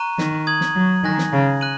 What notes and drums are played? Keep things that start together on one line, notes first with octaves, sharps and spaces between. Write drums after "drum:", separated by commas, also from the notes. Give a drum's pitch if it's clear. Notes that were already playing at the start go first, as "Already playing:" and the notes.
Already playing: A#5 C#6 F#6 D#7
D#3, drum: snare
D#6 G#6 F#7
drum: snare
F#3
D#3 G#5 F#6 A#6
drum: snare
C#3
F#6 D#7 F#7